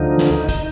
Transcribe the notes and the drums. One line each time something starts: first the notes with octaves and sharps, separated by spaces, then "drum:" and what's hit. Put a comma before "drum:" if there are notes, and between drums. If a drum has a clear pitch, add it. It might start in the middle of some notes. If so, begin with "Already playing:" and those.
Already playing: D2 D3 F3 D#4
drum: snare
D#4, drum: kick, hi-hat